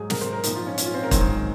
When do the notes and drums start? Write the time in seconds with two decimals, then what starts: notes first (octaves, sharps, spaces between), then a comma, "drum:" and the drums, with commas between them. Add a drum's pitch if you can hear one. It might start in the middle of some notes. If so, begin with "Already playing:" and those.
Already playing: G#2 F#3 G#4
0.10 A#4, drum: snare
0.21 C5
0.33 A#4
0.44 A#2 F3 D#4, drum: hi-hat
0.56 F4
0.67 C#4
0.78 C#4, drum: hi-hat
0.86 F4
0.94 C4
1.03 A#4
1.11 G#2 D#3 F#3 C5, drum: kick, hi-hat